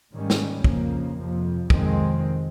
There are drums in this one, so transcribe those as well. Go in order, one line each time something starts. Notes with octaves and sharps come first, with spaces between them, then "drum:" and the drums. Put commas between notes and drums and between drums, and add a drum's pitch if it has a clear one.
G#2 D#3 G3 A#3 C#4
drum: snare
F2 C#3 F3 A#3, drum: kick
F2 C3 F3
F2 C3 D#3 G#3 C4, drum: kick